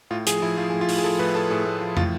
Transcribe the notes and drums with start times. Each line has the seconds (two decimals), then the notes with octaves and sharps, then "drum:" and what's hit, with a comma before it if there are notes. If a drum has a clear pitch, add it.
0.11 A2 F4
0.27 F3 G#4, drum: hi-hat
0.42 F3 E4
0.57 F3 F4
0.70 A2 G#4
0.81 F4
0.89 A2, drum: open hi-hat
0.98 G#4
1.04 F3 A4
1.19 A2 B4
1.35 A2 A4
1.50 A2 G#4
1.65 A2
1.81 F3
1.97 A2 F4, drum: tom